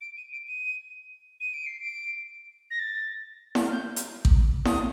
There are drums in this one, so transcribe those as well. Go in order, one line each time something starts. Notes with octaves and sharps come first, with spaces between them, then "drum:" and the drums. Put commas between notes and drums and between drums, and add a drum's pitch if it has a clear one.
D7
D#7
D7
D#7
D#7
D7
C7
D7
A#6
A6
drum: snare E4
F6
G6
drum: hi-hat
drum: kick A1
D#6, drum: snare E4